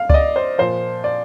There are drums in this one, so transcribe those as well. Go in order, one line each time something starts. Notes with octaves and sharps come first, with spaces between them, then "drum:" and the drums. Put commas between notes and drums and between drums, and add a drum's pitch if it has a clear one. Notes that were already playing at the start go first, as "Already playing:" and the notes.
Already playing: F5
D5, drum: kick C#2
D#5
C5
A#2 F3 C5
D5